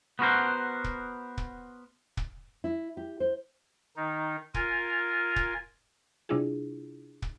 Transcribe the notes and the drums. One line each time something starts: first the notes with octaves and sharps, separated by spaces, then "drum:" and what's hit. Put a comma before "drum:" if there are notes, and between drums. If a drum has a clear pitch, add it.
B3 F#4 A#4 C5
drum: kick
drum: kick
drum: kick
E4
G4
C5
D#3 D#4
F4 A#4 G#5, drum: kick
drum: kick
C3 G3 D4 E4 F4 G#4
drum: kick